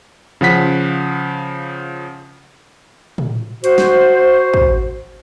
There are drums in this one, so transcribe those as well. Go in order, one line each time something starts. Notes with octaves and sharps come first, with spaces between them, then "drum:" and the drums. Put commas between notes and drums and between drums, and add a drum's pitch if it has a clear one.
C#3 F3 F#5 B6
drum: tom
F#4 C5, drum: hi-hat
drum: snare
drum: kick